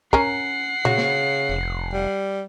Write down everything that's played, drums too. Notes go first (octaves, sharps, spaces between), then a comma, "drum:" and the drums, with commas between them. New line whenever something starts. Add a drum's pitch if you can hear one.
C#4 A#4 F#5 C7, drum: kick
C#3 F#4, drum: tom A#2
drum: snare
F1
G3